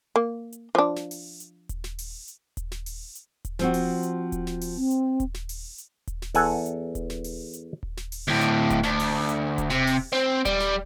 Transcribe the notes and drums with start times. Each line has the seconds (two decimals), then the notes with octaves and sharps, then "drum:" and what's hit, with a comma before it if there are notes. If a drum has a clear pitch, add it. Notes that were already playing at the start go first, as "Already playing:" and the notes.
0.16 A#3
0.52 drum: hi-hat
0.75 F3 D4
0.96 drum: snare
1.11 drum: open hi-hat
1.40 drum: hi-hat
1.69 drum: kick D#1, hi-hat
1.84 drum: snare
1.99 drum: open hi-hat
2.28 drum: hi-hat
2.57 drum: kick D#1, hi-hat
2.72 drum: snare
2.86 drum: open hi-hat
3.15 drum: hi-hat
3.45 drum: kick D#1, hi-hat
3.59 F3 C4 F#4, drum: snare
3.74 drum: open hi-hat
4.03 drum: hi-hat
4.32 drum: kick D#1, hi-hat
4.47 drum: snare
4.61 drum: open hi-hat
4.76 C4
4.91 drum: hi-hat
5.20 drum: kick D#1, hi-hat
5.34 drum: snare
5.49 drum: open hi-hat
5.78 drum: hi-hat
6.07 drum: kick D#1, hi-hat
6.22 drum: snare
6.34 E2 A4 F#5 G#5, drum: open hi-hat
6.66 drum: hi-hat
6.95 drum: kick D#1, hi-hat
7.10 drum: snare
7.24 drum: open hi-hat
7.53 drum: hi-hat
7.83 drum: kick D#1
7.97 drum: snare
8.12 drum: open hi-hat
8.28 D2 A2
8.41 drum: hi-hat
8.70 drum: kick D#1, hi-hat
8.83 D2, drum: snare
9.00 drum: open hi-hat
9.29 drum: hi-hat
9.58 drum: kick D#1, hi-hat
9.70 C3, drum: snare
9.87 drum: open hi-hat
10.12 C4
10.45 G3, drum: kick D#1, hi-hat
10.60 drum: snare